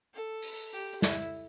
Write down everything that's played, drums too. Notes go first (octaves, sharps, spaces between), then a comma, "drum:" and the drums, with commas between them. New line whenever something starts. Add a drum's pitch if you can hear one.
A4
drum: open hi-hat
G4
E4, drum: snare